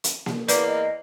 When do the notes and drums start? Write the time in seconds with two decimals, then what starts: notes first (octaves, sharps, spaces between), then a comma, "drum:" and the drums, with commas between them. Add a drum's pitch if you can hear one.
0.04 drum: hi-hat
0.26 drum: snare A#3
0.48 E2 A#3 B4 D5 D6, drum: hi-hat
0.67 D#5